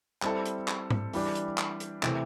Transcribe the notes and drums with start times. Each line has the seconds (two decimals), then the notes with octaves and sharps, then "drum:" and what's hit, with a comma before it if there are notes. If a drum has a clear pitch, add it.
0.22 G3 C4 E4 A4, drum: clap
0.46 drum: hi-hat
0.68 drum: clap
0.90 drum: tom G#2
1.13 E3 G3 D4 G4, drum: open hi-hat
1.35 drum: hi-hat
1.58 drum: clap
1.80 drum: hi-hat
2.03 C3 E3 A3, drum: clap